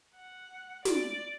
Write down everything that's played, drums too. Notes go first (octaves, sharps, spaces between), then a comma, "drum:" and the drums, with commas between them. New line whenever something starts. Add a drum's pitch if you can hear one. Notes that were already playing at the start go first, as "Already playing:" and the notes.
F#5
D5, drum: snare